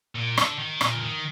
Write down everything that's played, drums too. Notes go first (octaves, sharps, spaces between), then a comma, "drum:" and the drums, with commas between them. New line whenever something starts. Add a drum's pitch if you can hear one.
A#2
D3, drum: rim click
D#3
A#2, drum: rim click
D3
D#3